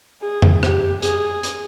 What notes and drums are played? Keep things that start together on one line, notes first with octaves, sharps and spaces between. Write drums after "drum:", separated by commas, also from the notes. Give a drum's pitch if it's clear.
G#4
drum: tom F2
G4, drum: rim click
G#4, drum: hi-hat
drum: hi-hat